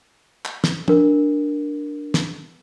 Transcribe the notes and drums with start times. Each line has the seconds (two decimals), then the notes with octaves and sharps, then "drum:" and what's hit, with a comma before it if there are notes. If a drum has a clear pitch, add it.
0.45 drum: clap
0.64 drum: snare
0.88 D4 A#4, drum: tom
2.14 drum: snare